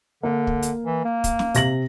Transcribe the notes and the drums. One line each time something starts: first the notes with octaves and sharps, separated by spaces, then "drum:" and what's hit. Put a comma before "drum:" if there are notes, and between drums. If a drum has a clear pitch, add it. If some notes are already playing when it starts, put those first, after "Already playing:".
D3 A#3
drum: kick
drum: hi-hat
E3
A#3
drum: kick, hi-hat
drum: snare
C3 A#6 F#7, drum: hi-hat